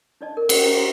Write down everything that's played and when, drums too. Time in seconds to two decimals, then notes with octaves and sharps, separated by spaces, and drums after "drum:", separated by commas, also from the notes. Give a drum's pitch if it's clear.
0.21 D4 D#4 D5 D#5 A5
0.37 A#4
0.49 G#4 A#4 B4 D#5 E5 F#5, drum: cymbal
0.64 E5 A#5
0.77 C5 E5 A#5 C6